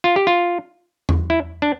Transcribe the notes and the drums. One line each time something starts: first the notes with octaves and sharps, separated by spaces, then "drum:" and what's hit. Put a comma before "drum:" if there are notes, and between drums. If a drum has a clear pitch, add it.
F4
G4
F4
drum: tom E2
E4
D4